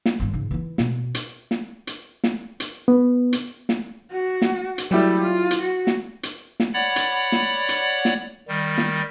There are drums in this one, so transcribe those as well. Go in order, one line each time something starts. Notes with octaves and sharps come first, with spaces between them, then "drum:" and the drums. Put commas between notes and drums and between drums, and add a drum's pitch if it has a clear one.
drum: snare
G2 D#3
G#2 C#3
E3 E4
B2, drum: snare
drum: hi-hat
drum: snare
drum: hi-hat
drum: snare
drum: hi-hat
B3
drum: hi-hat
drum: snare
F#4
drum: snare
drum: hi-hat
F#3 G3 A3 E4
F4
drum: hi-hat
F#4
drum: snare
drum: hi-hat
drum: snare
C#5 D5 F#5 B5
drum: hi-hat
drum: snare
drum: hi-hat
drum: snare
D#3 G3
drum: snare